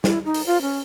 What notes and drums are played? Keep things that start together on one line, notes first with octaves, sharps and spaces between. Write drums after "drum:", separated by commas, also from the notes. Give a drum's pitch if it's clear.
E4, drum: snare
D#4
drum: open hi-hat
F4
C#4